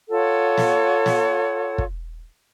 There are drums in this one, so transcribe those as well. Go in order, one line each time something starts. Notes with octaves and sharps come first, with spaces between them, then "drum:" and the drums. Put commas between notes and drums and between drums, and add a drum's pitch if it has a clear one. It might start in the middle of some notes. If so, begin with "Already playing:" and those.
F4 A4 C#5 F#5
drum: snare
drum: snare
drum: kick